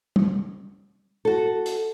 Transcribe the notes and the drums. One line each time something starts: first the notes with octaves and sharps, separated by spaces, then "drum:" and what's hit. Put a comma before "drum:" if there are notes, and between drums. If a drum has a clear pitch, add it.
drum: tom
F#4 A4
drum: hi-hat